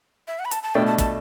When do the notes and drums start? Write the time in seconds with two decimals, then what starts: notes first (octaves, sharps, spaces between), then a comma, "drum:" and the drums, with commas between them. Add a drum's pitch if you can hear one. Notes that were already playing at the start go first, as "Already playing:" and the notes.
0.28 E5
0.39 F#5
0.45 B5
0.51 A5, drum: hi-hat
0.63 A5
0.75 B2 A3 D4 G5
0.87 A5
0.98 A5, drum: kick, hi-hat